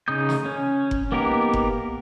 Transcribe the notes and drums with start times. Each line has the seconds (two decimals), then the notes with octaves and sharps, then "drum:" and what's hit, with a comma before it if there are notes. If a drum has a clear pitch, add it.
0.08 C#3 D#4 D#6 G6
0.29 drum: snare
0.46 C#4
0.91 drum: kick F#1
1.12 A#3 B3 D#4 G4 A#4
1.53 drum: kick F#1